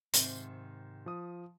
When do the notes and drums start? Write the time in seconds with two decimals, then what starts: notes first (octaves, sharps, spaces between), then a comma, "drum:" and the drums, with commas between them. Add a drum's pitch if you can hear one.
0.13 G#2 C3 D#3, drum: hi-hat
1.06 F3 D#6